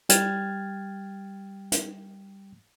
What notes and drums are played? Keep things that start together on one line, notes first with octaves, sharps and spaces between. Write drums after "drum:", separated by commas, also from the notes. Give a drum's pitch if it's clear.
G3 G5 F6 G#6 A6, drum: hi-hat
drum: hi-hat